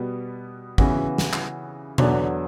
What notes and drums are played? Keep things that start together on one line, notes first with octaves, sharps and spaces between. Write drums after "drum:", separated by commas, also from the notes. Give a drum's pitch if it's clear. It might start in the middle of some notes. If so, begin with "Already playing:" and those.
Already playing: B2 G3 B3
C#3 E3 B3 F#4, drum: kick
drum: snare
drum: clap
E2 D3 F#3 B3 D4, drum: tom B2